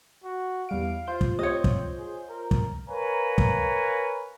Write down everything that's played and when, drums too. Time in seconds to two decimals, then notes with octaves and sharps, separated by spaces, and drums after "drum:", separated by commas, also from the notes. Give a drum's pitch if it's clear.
0.24 F#4
0.69 E2 G3 F5 D7
1.07 F4 C5 G6
1.21 drum: kick
1.39 C4 C#5 D#5
1.64 drum: kick
1.99 G#4
2.29 A#4
2.51 drum: kick
2.88 A#4 B4 C#5 F5 G#5 A#5
3.38 drum: kick